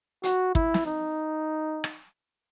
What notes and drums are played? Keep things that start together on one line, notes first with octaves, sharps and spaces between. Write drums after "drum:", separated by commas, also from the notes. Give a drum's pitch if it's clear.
F#4, drum: hi-hat
E4, drum: kick
drum: snare
D#4
drum: rim click